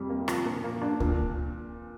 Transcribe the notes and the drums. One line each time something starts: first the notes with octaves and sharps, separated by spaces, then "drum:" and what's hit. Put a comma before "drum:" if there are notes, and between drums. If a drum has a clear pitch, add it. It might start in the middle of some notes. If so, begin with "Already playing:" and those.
Already playing: F2 C3 G3
A#3
F3, drum: rim click
A#2
A#3
D4
A#2, drum: kick D2